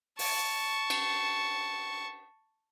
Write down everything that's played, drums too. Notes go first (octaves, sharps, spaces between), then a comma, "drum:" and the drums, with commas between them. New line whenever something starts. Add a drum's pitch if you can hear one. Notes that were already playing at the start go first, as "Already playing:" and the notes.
A5 C#6, drum: open hi-hat
drum: cymbal